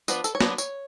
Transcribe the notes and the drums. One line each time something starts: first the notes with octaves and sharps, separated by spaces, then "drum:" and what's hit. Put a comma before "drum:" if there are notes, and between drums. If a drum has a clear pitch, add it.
F3 B3 D4 B4, drum: tambourine
A4, drum: tambourine
C#5
F#3 B3 D4 B4, drum: snare
C#5, drum: tambourine